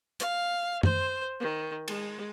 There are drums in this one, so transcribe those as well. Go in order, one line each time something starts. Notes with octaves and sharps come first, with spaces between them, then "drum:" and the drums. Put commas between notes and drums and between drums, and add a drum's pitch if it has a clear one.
F5, drum: hi-hat
C5, drum: tom F#2
D#3
G#3, drum: cymbal